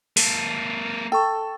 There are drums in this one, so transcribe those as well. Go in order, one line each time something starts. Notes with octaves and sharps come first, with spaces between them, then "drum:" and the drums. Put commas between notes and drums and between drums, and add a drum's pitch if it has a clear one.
A#3 A4, drum: open hi-hat
A4 G5 C#6